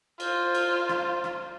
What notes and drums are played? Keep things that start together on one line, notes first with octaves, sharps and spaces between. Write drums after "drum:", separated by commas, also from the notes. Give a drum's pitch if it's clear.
F4 C5, drum: cymbal
drum: cymbal
drum: rim click
drum: rim click